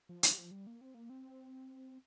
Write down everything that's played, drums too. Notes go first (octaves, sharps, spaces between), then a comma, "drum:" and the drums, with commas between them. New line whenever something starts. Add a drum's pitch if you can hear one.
F3
D3, drum: hi-hat
G3
F3
G3
A#3
C4
A#3
C4